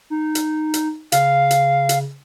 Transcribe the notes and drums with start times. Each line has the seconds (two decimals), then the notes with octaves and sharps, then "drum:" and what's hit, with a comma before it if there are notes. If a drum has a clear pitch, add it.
0.10 D#4
0.35 drum: hi-hat
0.74 drum: hi-hat
1.12 C#3 F5, drum: hi-hat
1.51 drum: hi-hat
1.89 drum: hi-hat